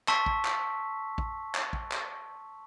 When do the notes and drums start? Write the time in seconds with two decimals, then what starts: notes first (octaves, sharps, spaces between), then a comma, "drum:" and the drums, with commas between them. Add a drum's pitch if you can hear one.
0.08 A5 C6 C#6 E6 B6, drum: clap
0.26 drum: kick
0.45 drum: clap
1.18 drum: kick
1.55 drum: clap
1.73 drum: kick
1.91 drum: clap